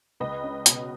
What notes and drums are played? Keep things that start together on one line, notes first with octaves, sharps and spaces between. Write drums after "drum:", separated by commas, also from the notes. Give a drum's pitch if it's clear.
C#2 B4 D#5
C#4
B2, drum: hi-hat